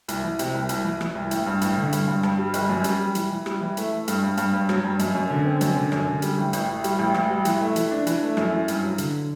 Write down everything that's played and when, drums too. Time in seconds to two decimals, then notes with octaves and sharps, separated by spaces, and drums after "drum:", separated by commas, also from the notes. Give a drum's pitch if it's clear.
0.08 C2, drum: hi-hat
0.23 E3
0.39 C3, drum: hi-hat
0.54 C2
0.69 C2, drum: hi-hat
0.85 E3
1.01 E3, drum: rim click
1.15 C2
1.31 A1, drum: hi-hat
1.46 G2
1.61 A1, drum: hi-hat
1.77 D3
1.93 G2, drum: hi-hat
2.07 G2
2.23 G2, drum: rim click
2.39 G3
2.54 G1, drum: hi-hat
2.69 F#2
2.84 G3, drum: hi-hat
3.00 G3
3.15 E3, drum: hi-hat
3.31 E3
3.46 G3, drum: rim click
3.61 E3
3.77 A3, drum: hi-hat
3.92 A3
4.08 G2, drum: hi-hat
4.22 G2
4.37 G2, drum: hi-hat
4.53 G2
4.69 F#3, drum: rim click
4.84 G2
4.99 F#2, drum: hi-hat
5.14 F#2
5.30 D3
5.45 C4
5.61 F#2, drum: hi-hat
5.76 D3
5.92 F#2, drum: rim click
6.07 D3
6.22 G3, drum: hi-hat
6.38 A1
6.53 A1, drum: hi-hat
6.68 A2
6.84 G3, drum: hi-hat
6.99 A1
7.14 A1, drum: rim click
7.30 G3
7.45 E3, drum: hi-hat
7.61 A3
7.76 E3, drum: hi-hat
7.91 D4
8.07 E3, drum: hi-hat
8.22 A3
8.37 F#2, drum: rim click
8.52 E3
8.68 G2, drum: hi-hat
8.83 F#3
8.98 D3, drum: hi-hat